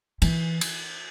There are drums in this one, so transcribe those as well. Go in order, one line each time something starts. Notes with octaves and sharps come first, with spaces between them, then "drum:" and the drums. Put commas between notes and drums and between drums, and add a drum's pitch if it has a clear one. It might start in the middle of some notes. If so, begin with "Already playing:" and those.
E3, drum: cymbal
drum: cymbal